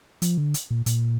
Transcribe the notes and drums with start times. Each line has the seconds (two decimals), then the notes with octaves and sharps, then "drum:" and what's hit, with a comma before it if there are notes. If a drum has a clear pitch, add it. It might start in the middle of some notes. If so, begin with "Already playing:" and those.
0.22 F3, drum: hi-hat
0.38 D3
0.54 drum: hi-hat
0.71 A#2
0.86 A#2, drum: hi-hat